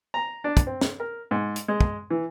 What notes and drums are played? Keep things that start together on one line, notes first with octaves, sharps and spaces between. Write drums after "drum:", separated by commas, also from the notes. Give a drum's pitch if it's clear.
A#5
D4
drum: kick, hi-hat
C4
drum: snare
A#4
G#2
drum: hi-hat
G#3
drum: kick
E3